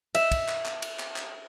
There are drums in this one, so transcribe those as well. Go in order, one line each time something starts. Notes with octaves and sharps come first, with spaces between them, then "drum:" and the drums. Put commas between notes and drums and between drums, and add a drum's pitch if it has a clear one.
E5, drum: cymbal
drum: kick, cymbal
drum: clap
drum: clap
drum: cymbal
drum: clap
drum: clap